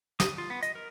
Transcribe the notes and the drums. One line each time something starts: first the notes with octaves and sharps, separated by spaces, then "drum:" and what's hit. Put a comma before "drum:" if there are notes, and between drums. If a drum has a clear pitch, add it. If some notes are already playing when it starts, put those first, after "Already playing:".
D#6, drum: snare
F4
B3
D#5, drum: hi-hat
A#4